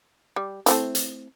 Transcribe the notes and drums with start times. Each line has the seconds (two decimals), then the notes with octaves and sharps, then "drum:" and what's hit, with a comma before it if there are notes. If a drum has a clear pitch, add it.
0.36 G3
0.66 A3 C4 E4, drum: hi-hat
0.95 drum: hi-hat